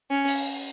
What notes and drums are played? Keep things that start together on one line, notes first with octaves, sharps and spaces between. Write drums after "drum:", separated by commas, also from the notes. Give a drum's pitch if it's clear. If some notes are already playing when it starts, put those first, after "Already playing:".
C#4
drum: open hi-hat